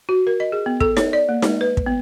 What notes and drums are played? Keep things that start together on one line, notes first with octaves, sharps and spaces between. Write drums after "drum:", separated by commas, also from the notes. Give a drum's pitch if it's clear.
F#4
A#4
D#5
G#4
B3
A4, drum: kick
C#5, drum: snare D#4
D5
A#3
G#3, drum: snare D#4
B4
drum: kick
B3